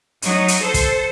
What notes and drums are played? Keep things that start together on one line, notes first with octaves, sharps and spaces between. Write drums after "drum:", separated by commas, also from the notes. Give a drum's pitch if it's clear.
F#3 D#4, drum: hi-hat
drum: hi-hat
A4 C5
drum: kick, hi-hat